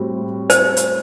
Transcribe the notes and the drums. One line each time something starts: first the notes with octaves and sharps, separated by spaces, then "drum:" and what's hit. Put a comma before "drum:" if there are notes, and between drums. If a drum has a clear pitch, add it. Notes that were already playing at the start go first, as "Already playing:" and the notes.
Already playing: A2 G3 C4 F#4
C5, drum: hi-hat
drum: hi-hat